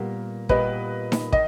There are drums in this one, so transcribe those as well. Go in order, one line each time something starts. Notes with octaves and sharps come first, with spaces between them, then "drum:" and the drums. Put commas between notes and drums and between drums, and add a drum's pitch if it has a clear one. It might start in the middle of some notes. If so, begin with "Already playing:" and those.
Already playing: A#2 G3 B3 A#4
A#2 G3 B3 G4 B4 D#5, drum: kick
drum: snare D#4
D#3 D#5, drum: kick